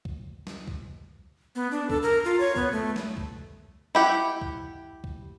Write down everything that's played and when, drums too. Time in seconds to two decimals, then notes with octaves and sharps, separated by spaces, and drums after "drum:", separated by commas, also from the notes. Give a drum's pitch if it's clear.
0.05 drum: kick
0.47 drum: snare
0.68 drum: kick
1.55 B3
1.71 D4
1.90 A4, drum: kick
2.03 A#4
2.25 F4
2.40 C#5
2.56 B3, drum: kick
2.72 A3
2.96 drum: snare
3.17 drum: kick
3.95 E4 G4 F#5
4.41 drum: kick
5.04 drum: kick